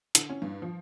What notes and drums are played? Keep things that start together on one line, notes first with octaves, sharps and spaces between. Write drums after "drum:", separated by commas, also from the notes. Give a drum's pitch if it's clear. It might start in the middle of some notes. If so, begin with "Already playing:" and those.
D3, drum: hi-hat
C#4
G2
F3